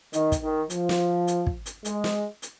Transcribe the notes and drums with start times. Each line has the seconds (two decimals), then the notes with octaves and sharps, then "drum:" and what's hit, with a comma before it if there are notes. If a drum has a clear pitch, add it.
0.13 D#3, drum: hi-hat
0.32 drum: kick, hi-hat
0.42 D#3
0.70 F3, drum: hi-hat
0.89 drum: snare
1.27 drum: hi-hat
1.47 drum: kick
1.66 drum: hi-hat
1.85 G#3, drum: hi-hat
2.04 drum: snare
2.42 drum: hi-hat